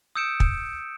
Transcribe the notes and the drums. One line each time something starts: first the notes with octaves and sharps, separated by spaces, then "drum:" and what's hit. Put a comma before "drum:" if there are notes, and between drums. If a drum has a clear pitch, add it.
D#6 E6 G6 C#7 D7 E7
drum: kick